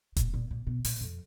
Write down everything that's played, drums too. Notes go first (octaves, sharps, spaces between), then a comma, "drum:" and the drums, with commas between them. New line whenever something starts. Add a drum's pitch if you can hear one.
A#2, drum: kick E1, hi-hat
A#2
A#2
B2
A#2, drum: open hi-hat
F2